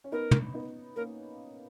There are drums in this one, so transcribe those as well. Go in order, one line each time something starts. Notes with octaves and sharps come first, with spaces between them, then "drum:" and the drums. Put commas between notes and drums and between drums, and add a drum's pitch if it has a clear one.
C#4
B3 D#4 A#4
drum: tom
B3 D#4
A#3 C#4 A#4